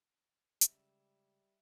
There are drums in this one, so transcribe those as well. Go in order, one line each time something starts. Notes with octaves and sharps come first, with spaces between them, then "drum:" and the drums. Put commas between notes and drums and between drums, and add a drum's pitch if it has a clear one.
C#3 G3 G#3 E5, drum: hi-hat